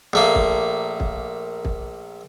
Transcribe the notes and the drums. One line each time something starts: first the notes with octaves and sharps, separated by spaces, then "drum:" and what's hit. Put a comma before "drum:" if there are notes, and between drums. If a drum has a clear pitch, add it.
A#1 A3 A#3
drum: kick
drum: kick
drum: kick